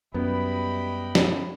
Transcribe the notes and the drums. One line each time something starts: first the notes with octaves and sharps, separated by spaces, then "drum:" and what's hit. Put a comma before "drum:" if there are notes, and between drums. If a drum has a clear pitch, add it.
F#2 G3 B3 E4 D#5 G5 B5
drum: snare